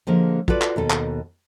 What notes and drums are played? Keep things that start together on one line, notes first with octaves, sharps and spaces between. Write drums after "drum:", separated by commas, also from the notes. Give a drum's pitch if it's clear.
D3 F3 G#3 A#3
F4 F#4 A4 B4 D5, drum: kick
drum: clap
D#2 B2 A4
drum: clap